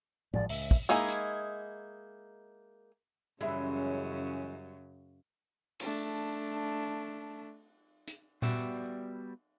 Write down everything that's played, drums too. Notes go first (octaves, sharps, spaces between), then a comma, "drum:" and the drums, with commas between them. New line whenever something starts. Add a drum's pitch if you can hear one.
G#1 F3 G#3 D5, drum: tom A2
C#2 E5, drum: open hi-hat
drum: kick
G#3 A#3 D#4 E4 G#4
drum: hi-hat
F#2 C#3 E3 G3 G#3 C#4 E5
A3 D4, drum: cymbal
drum: hi-hat
G3 B3 F#4 D5 E5, drum: tom A#2